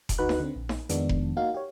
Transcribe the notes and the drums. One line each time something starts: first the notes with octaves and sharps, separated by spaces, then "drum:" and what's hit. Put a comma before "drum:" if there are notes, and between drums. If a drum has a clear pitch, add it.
drum: kick F1, hi-hat
D2 D#4 F#4 B4 F#6
drum: snare D#4
D3 C4
A#1
drum: snare D#4
F2 D#3 F3 G#3 B3 D4, drum: hi-hat
drum: kick F1
A#3 D#4 F#4 F5
G4 C#5